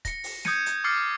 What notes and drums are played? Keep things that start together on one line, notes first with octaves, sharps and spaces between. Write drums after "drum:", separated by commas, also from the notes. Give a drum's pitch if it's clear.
A#6 C#7, drum: kick, hi-hat
drum: open hi-hat
D#6 G6 G#6 C#7 D#7, drum: snare
drum: hi-hat
D6 D#6 F6 A6 C7 C#7